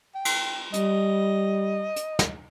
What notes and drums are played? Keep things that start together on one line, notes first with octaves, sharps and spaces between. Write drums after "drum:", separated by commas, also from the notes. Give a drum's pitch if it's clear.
G5
drum: cymbal
G3 D#5, drum: hi-hat
drum: hi-hat
drum: snare